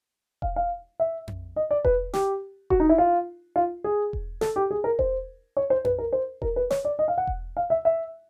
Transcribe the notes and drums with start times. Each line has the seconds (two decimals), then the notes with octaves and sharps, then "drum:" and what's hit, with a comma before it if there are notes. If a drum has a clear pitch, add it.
0.42 F5, drum: kick E1
0.56 F5
1.00 E5
1.28 drum: tom F2
1.56 D#5
1.71 D5
1.85 B4, drum: kick E1
2.13 G4, drum: snare
2.70 F#4, drum: kick E1
2.80 D#4
2.89 E4
2.98 F4
3.56 F4
3.84 G#4
4.13 drum: kick E1
4.41 A4, drum: snare
4.56 G4
4.71 G#4
4.84 A#4
4.99 C5, drum: kick E1
5.57 C#5
5.70 C5
5.85 B4, drum: tom F2
5.99 A#4
6.13 C5
6.42 A#4, drum: kick E1
6.56 B4
6.70 C#5, drum: snare
6.85 D5
6.99 D#5
7.08 F5
7.18 F#5
7.27 drum: kick E1
7.57 F5
7.70 E5
7.85 E5